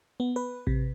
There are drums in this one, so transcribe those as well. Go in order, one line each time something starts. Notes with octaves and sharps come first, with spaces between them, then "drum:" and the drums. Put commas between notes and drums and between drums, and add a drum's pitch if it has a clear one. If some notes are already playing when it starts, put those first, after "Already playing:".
B3
B4
C3, drum: kick A1